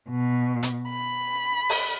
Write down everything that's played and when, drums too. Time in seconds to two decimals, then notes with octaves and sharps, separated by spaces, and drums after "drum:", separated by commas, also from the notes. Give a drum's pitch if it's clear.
0.10 B2
0.63 drum: hi-hat
0.90 B5
1.70 drum: open hi-hat